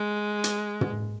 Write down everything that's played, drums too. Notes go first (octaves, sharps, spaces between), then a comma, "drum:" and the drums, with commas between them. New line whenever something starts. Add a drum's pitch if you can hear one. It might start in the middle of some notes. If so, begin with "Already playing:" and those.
Already playing: G#3
drum: hi-hat
drum: tom